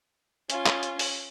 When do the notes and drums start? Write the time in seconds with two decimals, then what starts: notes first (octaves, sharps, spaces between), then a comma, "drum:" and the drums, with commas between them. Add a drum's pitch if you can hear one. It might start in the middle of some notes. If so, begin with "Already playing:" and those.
0.50 C#4 F4 G#5, drum: hi-hat
0.66 drum: clap
0.83 drum: hi-hat
0.99 drum: open hi-hat